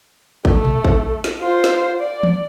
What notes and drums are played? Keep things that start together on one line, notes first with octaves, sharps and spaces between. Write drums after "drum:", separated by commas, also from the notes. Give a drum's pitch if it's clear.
A3, drum: kick A1
drum: tom A#2
drum: kick A1
drum: snare
F4 C5
drum: snare
D5
drum: tom E3